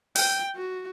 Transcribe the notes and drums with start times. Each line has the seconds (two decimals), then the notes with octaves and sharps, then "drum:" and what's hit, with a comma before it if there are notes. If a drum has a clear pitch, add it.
0.16 G5, drum: open hi-hat
0.56 F#4